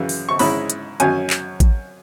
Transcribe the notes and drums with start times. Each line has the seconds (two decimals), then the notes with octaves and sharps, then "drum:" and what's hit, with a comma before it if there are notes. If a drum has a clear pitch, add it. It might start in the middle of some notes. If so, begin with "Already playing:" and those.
Already playing: F#2 C#3 E3
0.09 drum: open hi-hat
0.29 C#6
0.39 G#2 G#3 C#4 E4 B5, drum: open hi-hat
0.70 drum: hi-hat
1.00 F#2 F#3 C#4 G#5, drum: hi-hat
1.30 drum: clap
1.60 drum: kick A1, hi-hat